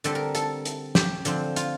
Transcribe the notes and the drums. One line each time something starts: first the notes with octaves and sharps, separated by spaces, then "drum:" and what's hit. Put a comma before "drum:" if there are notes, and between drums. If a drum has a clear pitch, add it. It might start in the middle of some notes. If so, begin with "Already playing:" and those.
D3 G3 C4 A4, drum: hi-hat
A#4
A4, drum: hi-hat
drum: hi-hat
G4, drum: snare
D3 F3 C4, drum: hi-hat
F4, drum: hi-hat